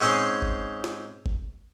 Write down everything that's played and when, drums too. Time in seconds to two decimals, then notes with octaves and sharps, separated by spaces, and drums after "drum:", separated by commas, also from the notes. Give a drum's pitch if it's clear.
0.01 G#2 C4 C#4 G#4 C6
0.42 drum: kick G1
0.84 drum: snare
1.26 drum: kick G1